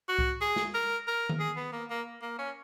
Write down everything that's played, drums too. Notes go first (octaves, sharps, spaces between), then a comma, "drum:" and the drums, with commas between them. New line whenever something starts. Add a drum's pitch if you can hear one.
F#4
drum: kick C2
G#4
drum: snare
A#4
A#4
drum: tom D#3
G#4
B3
A#3
A#3
A#3
C#4